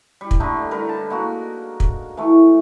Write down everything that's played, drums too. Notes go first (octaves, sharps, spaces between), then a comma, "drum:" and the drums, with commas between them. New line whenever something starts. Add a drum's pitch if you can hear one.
G3
drum: kick
D3 G3 A3 D#4
G3 A#4 B4
A5
G#3 A#3 F#4
drum: kick
E3 G#3 A3